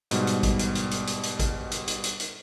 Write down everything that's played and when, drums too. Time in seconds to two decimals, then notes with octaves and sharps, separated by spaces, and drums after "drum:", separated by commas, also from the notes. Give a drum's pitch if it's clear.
0.11 G#2 B2 G3, drum: hi-hat
0.27 drum: hi-hat
0.43 drum: kick A1, hi-hat
0.59 drum: hi-hat
0.75 drum: hi-hat
0.91 drum: hi-hat
1.07 drum: hi-hat
1.23 drum: hi-hat
1.39 drum: kick A1, hi-hat
1.71 drum: hi-hat
1.88 drum: hi-hat
2.04 drum: hi-hat
2.20 drum: hi-hat